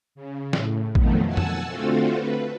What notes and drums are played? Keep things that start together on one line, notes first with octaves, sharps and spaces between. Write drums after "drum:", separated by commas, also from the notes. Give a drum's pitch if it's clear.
C#3
A2, drum: snare
F2 B2 D#3 F3 F#3 A3, drum: kick A1
F#5 G#5 A5 E6
drum: tom F2
D3 A3 C4 F4 F#4 A4
B4